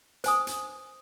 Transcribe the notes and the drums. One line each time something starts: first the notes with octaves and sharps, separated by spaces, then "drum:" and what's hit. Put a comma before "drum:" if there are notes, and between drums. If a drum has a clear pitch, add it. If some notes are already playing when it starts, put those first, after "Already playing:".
C5 G#5 D#6, drum: hi-hat
drum: hi-hat